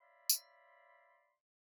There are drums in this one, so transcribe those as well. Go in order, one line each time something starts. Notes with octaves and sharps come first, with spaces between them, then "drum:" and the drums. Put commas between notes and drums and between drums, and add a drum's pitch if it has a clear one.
C#5 D5 E5 F5 B5 C6
drum: tambourine